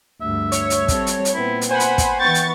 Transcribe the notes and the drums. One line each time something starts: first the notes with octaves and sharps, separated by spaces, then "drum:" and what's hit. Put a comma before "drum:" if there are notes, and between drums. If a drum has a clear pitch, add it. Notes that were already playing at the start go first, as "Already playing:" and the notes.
D2 G2 E5
C#5, drum: hi-hat
drum: hi-hat
G3 C4 A4, drum: kick, hi-hat
drum: hi-hat
drum: hi-hat
A#2 B3 C4 E4
drum: hi-hat
C5 F#5 G#5 B5
drum: hi-hat
drum: kick, hi-hat
E3 B3 G5 C#6 A6
drum: hi-hat